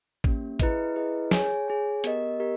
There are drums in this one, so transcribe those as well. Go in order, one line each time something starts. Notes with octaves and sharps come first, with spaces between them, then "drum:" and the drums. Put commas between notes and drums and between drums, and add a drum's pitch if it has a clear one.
A#3 C#4 G4, drum: kick A1
E4 G#4 B4 D#5, drum: kick A1, hi-hat
E4 G#4 B4 D#5
G#4 C#5 G#5, drum: snare
G#4 C#5 G#5
B3 G4 A#4 D#5, drum: hi-hat
B3 G4 A#4 D#5